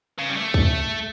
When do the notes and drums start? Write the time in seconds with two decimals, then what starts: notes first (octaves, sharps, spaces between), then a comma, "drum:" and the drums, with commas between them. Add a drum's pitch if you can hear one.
0.19 C#3
0.30 G3
0.36 A3
0.54 drum: kick